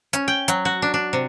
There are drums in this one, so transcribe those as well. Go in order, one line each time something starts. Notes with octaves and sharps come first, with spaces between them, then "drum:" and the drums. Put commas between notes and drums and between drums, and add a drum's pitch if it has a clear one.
C#4, drum: hi-hat
G5
F#3, drum: hi-hat
F#4
D4
D4
C3